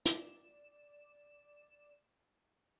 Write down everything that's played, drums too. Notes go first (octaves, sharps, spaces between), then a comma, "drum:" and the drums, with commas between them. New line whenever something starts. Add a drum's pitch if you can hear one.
D5 E7, drum: hi-hat